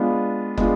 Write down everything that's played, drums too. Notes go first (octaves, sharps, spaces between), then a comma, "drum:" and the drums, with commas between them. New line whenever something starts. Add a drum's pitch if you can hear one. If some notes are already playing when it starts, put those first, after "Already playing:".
Already playing: G#3 B3 D4 F4
G#3 B3 D4 F4, drum: kick